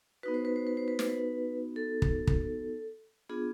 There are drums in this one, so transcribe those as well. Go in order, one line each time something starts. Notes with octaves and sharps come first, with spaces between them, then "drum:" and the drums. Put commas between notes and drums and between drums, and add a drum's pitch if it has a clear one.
B3 D#4 F#4 B4
C5
B4
C5
B4
C5
B4
C5, drum: snare
B4
A4
drum: kick
drum: kick
B3 D4 F4 G#4